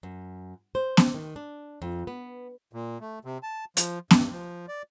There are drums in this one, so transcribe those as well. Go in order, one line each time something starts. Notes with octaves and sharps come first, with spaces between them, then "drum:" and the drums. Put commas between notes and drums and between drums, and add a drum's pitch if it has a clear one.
F#2
C5
drum: snare
D#3
D4
F2
B3
A#2
A3
C3
A5
F3, drum: hi-hat
G2, drum: snare
F3
D5